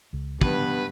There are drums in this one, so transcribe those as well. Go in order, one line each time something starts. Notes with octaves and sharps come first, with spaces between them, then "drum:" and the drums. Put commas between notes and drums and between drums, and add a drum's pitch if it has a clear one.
C#2 C#3
G2 D3 F3 B3 B4, drum: kick